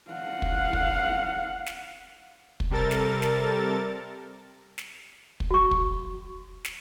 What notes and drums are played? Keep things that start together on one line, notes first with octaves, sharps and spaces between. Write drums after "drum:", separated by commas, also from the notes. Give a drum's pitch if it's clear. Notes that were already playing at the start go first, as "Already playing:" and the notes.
F5 F#5
drum: kick
drum: kick
drum: snare
drum: kick
C3 G3 A4 A#4 A6
drum: snare
drum: snare
drum: snare
drum: kick
F#4 C#6
drum: kick
drum: snare